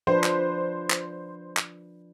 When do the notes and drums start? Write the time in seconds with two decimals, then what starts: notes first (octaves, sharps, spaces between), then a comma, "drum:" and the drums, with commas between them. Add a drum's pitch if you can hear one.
0.07 F3 D4 B4 C5
0.24 drum: clap
0.90 drum: clap
1.57 drum: clap